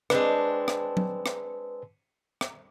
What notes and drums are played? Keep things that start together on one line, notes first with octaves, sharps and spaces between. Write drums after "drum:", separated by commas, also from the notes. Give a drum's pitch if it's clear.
G#3 C4 D4 B4, drum: rim click
drum: rim click
drum: tom F#3
drum: rim click
drum: rim click